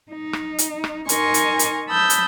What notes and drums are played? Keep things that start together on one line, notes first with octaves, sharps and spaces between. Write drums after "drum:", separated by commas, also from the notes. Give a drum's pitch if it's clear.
D#4
drum: rim click
drum: hi-hat
drum: rim click
D#4 A#4 G#5 C6 C#6, drum: hi-hat
drum: hi-hat
drum: hi-hat
A5 B5 D#6 E6 G6
drum: hi-hat